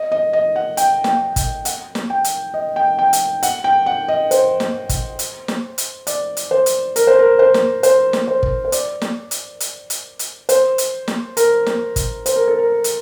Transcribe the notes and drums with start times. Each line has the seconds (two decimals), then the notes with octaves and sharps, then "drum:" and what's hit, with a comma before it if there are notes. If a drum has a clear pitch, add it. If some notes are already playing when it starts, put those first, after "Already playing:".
Already playing: D#5
0.12 D#5
0.33 D#5
0.56 F#5
0.77 G5, drum: hi-hat
1.04 G5, drum: snare
1.36 drum: kick, hi-hat
1.65 F#5, drum: hi-hat
1.95 drum: snare
2.10 G5
2.24 drum: hi-hat
2.54 D#5
2.76 G5
2.99 G5
3.13 drum: hi-hat
3.43 F#5, drum: hi-hat
3.64 G5
3.86 F#5
4.08 D#5
4.31 C5, drum: hi-hat
4.60 drum: snare
4.89 drum: kick, hi-hat
5.19 drum: hi-hat
5.48 drum: snare
5.78 drum: hi-hat
6.07 D5, drum: hi-hat
6.37 drum: hi-hat
6.51 C5
6.66 drum: hi-hat
6.96 A#4, drum: hi-hat
7.07 C5
7.19 A#4
7.39 C5
7.54 drum: snare
7.83 C5, drum: hi-hat
8.13 drum: snare
8.28 C5
8.43 drum: kick
8.65 C5
8.72 D5, drum: hi-hat
9.02 drum: snare
9.31 drum: hi-hat
9.60 drum: hi-hat
9.90 drum: hi-hat
10.19 drum: hi-hat
10.49 C5, drum: hi-hat
10.78 drum: hi-hat
11.08 drum: snare
11.37 A#4, drum: hi-hat
11.66 drum: snare
11.96 drum: kick, hi-hat
12.26 C5, drum: hi-hat
12.36 A#4
12.48 A4
12.59 A#4
12.84 drum: hi-hat